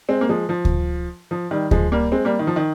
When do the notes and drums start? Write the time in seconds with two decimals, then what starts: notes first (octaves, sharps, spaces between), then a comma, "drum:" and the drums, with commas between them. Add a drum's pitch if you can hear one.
0.09 G#3 C4
0.21 A#3
0.29 F3 G#3
0.49 F3
0.65 drum: kick D2
1.31 F3
1.51 D#3 G3
1.71 F3 G#3, drum: kick D2
1.92 G3 A#3
2.12 G#3 C4
2.25 G3 A#3
2.39 D#3
2.47 F3
2.56 D#3